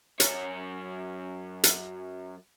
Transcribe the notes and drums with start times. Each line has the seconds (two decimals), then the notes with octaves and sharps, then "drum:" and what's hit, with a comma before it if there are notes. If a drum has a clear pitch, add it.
0.20 F#2 C#5, drum: hi-hat
1.64 drum: hi-hat